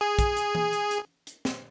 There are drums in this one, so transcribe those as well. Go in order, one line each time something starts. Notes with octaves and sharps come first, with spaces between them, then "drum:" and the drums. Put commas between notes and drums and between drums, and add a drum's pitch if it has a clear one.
G#4
drum: kick, hi-hat
drum: hi-hat
drum: tom E3
drum: hi-hat
drum: hi-hat
drum: hi-hat
drum: snare